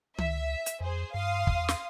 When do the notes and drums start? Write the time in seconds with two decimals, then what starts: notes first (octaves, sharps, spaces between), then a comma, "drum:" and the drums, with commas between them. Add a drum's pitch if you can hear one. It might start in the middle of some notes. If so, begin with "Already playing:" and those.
0.18 C#2 E5, drum: tom D#3
0.66 drum: hi-hat
0.80 F2 G#4 C5
1.14 G2 F5 C6 D#6
1.47 E2, drum: kick
1.68 drum: snare